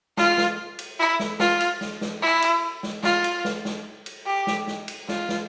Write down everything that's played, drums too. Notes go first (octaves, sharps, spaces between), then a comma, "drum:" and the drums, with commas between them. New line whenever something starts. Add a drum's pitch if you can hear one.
F4, drum: snare
drum: snare
drum: cymbal
E4
drum: snare
F4, drum: snare
drum: cymbal
drum: snare
drum: snare
E4
drum: cymbal
drum: snare
F4, drum: snare
drum: cymbal
drum: snare
drum: snare
drum: cymbal
G4
drum: snare
drum: snare
drum: cymbal
F4, drum: snare
drum: snare